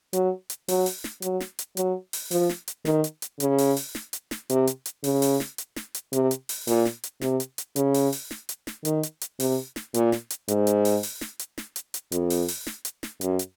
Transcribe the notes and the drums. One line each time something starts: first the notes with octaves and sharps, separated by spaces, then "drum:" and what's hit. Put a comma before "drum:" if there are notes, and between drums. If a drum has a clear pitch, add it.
F#3, drum: hi-hat
drum: hi-hat
F#3, drum: open hi-hat
drum: open hi-hat
drum: snare
F#3, drum: hi-hat
drum: snare
drum: hi-hat
F#3, drum: hi-hat
drum: open hi-hat
F3, drum: open hi-hat
drum: snare
drum: hi-hat
D#3, drum: snare
drum: hi-hat
drum: hi-hat
C#3, drum: hi-hat
drum: open hi-hat
drum: open hi-hat
drum: snare
drum: hi-hat
drum: snare
C3, drum: hi-hat
drum: hi-hat
drum: hi-hat
C#3, drum: open hi-hat
drum: open hi-hat
drum: snare
drum: hi-hat
drum: snare
drum: hi-hat
C3, drum: hi-hat
drum: hi-hat
drum: open hi-hat
A#2, drum: open hi-hat
drum: snare
drum: hi-hat
C3, drum: snare
drum: hi-hat
drum: hi-hat
C#3, drum: hi-hat
drum: open hi-hat
drum: open hi-hat
drum: snare
drum: hi-hat
drum: snare
D#3, drum: hi-hat
drum: hi-hat
drum: hi-hat
C3, drum: open hi-hat
drum: snare
A#2, drum: hi-hat
drum: snare
drum: hi-hat
G#2, drum: hi-hat
drum: hi-hat
drum: open hi-hat
drum: open hi-hat
drum: snare
drum: hi-hat
drum: snare
drum: hi-hat
drum: hi-hat
F2, drum: hi-hat
drum: open hi-hat
drum: open hi-hat
drum: snare
drum: hi-hat
drum: snare
F#2, drum: hi-hat
drum: hi-hat